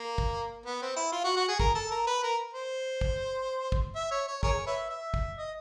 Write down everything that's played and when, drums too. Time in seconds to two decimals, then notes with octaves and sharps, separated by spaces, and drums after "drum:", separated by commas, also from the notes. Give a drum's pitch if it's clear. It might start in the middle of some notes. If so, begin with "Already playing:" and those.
Already playing: A#3
0.18 drum: kick
0.65 B3
0.82 C4
0.96 E4
1.12 F4
1.24 F#4
1.37 F#4
1.48 G#4
1.60 A#4, drum: kick
1.75 A4
1.91 A#4
2.07 B4
2.23 A#4
2.54 C5
3.01 drum: kick
3.72 drum: kick
3.95 E5
4.11 C#5
4.28 C#5
4.43 G#4 A#4 C#5, drum: kick
4.66 B4 C#5 E5
4.90 E5
5.14 drum: kick
5.37 D#5